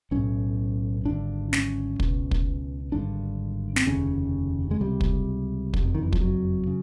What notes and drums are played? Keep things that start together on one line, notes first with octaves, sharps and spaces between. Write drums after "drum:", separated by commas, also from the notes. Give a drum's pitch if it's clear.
B1 A2 C#4
G#1 G2 D3 D4
C#4, drum: snare
C#2 B2, drum: kick
drum: kick
G#1 G2 D3 D4
C4, drum: snare
F1 D#2 C#3 C#4
G#3
C#2 C3 G3
drum: kick
F#1 F2 C3, drum: kick
D#3
E3
F3, drum: kick
F#3
C#3